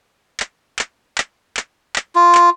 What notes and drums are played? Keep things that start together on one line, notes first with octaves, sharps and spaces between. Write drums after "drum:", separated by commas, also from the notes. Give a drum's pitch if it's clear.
drum: clap
drum: clap
drum: clap
drum: clap
drum: clap
F4
drum: clap